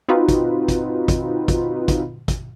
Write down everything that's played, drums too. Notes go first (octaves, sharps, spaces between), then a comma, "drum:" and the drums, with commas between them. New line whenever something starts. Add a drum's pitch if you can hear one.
C4 D#4 F4 F#4 B4
drum: kick, hi-hat
drum: kick, hi-hat
drum: kick, hi-hat
drum: kick, hi-hat
drum: kick, hi-hat
drum: kick, hi-hat